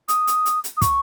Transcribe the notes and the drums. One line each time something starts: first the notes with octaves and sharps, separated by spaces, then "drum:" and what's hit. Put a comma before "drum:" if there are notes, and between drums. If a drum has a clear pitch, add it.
D#6, drum: hi-hat
drum: hi-hat
drum: hi-hat
drum: hi-hat
D#6
C#6, drum: kick, hi-hat